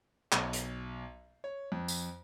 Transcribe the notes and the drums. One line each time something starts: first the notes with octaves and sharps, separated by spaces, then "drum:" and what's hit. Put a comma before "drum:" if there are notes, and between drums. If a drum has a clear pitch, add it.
B1, drum: clap
drum: hi-hat
C#5
F2
drum: tambourine